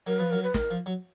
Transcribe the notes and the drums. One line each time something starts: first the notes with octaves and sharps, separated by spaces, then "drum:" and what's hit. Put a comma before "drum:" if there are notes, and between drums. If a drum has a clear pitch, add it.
F#3 A#4
F3 B4
F#3 A#4
B4
A#4, drum: snare
F3
F#3